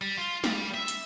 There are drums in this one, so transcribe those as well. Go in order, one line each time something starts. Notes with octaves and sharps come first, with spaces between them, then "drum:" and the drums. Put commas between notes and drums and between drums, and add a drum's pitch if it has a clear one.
G3
F4
G3, drum: snare
E5
drum: hi-hat